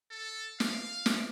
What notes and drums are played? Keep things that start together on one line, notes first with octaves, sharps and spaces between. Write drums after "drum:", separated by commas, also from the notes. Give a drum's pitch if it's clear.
A4
F5, drum: snare
drum: snare